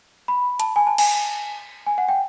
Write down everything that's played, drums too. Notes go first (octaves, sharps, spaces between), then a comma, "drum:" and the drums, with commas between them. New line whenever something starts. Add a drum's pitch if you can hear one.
B5
A5, drum: hi-hat
G#5
A5
G#5, drum: cymbal
G#5
F#5
G5